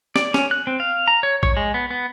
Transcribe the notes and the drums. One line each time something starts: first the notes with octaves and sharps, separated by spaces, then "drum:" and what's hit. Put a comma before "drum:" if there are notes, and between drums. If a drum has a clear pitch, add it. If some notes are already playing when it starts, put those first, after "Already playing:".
D5, drum: snare
C#4, drum: snare
F#6
C4
F5
A#5
C#5
C#5, drum: kick A#1
G#3
B3
B3